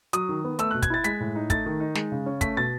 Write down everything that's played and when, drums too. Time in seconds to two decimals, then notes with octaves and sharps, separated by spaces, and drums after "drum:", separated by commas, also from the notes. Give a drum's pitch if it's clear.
0.13 F#3 D#6, drum: hi-hat
0.29 D#3
0.44 B3
0.59 A3 E6, drum: hi-hat
0.71 B2 F#6
0.82 G#6, drum: kick, hi-hat
0.90 E4 A6
1.04 G#3 B6, drum: hi-hat
1.20 A2
1.35 D#4
1.50 A3 A6, drum: kick, hi-hat
1.66 D#3
1.80 D#4
1.95 G#3, drum: snare
2.12 C#3
2.26 C#4
2.41 A3 B6, drum: kick, hi-hat
2.57 B2 A6